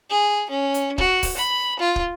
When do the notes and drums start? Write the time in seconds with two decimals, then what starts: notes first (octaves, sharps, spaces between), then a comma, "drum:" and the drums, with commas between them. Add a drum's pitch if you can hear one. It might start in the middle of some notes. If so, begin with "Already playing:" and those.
0.10 G#4
0.50 C#4
0.74 drum: hi-hat
0.98 F#4, drum: kick
1.23 drum: kick, open hi-hat
1.37 B5
1.79 F4
1.96 drum: kick